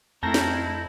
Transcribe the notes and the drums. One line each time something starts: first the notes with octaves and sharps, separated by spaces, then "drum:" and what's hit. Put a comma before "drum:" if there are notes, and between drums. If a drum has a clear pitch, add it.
F2 A3 C4 E4 A#4 A5 G6 A#6
drum: snare